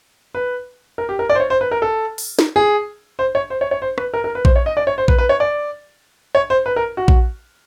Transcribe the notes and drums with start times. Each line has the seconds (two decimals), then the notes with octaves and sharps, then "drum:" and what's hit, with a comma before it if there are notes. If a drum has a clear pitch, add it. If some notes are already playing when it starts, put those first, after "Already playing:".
0.35 B4
0.98 A#4
1.09 G4
1.19 A#4
1.30 D5
1.35 C5
1.40 C#5
1.50 C5
1.61 B4
1.71 A#4
1.82 A4
2.18 drum: open hi-hat
2.39 drum: snare
2.56 G#4
3.19 C5
3.35 C#5
3.50 C5
3.61 C#5
3.71 C#5
3.82 C5
3.98 B4, drum: rim click
4.14 A#4
4.24 A#4
4.35 B4
4.45 C5, drum: kick A#1
4.56 C#5
4.66 D#5
4.77 D5
4.87 C#5
4.98 C5
5.08 B4, drum: kick A#1
5.18 B4
5.29 C#5
5.40 D5
6.35 C#5
6.50 C5
6.66 B4
6.76 A#4
6.97 F#4
7.08 drum: kick A#1